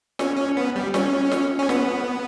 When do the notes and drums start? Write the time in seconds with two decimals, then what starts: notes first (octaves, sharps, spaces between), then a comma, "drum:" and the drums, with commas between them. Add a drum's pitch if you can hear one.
0.19 C#4, drum: snare
0.37 C#4
0.57 B3
0.75 G3
0.94 C#4, drum: snare
1.31 drum: snare
1.59 C#4
1.69 B3, drum: snare